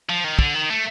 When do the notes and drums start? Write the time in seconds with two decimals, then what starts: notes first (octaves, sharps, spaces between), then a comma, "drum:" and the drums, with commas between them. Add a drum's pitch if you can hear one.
0.09 F3
0.24 D#3
0.39 D3, drum: kick
0.55 D#3
0.70 A3